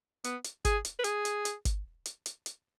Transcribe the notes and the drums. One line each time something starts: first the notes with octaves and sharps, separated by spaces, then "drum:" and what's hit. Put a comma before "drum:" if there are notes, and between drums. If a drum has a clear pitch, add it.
B3, drum: hi-hat
drum: hi-hat
G#4, drum: kick G#1, hi-hat
drum: hi-hat
B4
G#4, drum: hi-hat
drum: hi-hat
drum: hi-hat
drum: kick G#1, hi-hat
drum: hi-hat
drum: hi-hat
drum: hi-hat